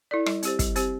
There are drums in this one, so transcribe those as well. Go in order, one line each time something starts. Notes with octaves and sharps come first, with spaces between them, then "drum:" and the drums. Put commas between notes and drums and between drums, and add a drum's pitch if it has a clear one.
E4 A4 D5
G3, drum: rim click
C4 G4 C5, drum: hi-hat
G3, drum: kick, hi-hat
C4 G4 C5, drum: hi-hat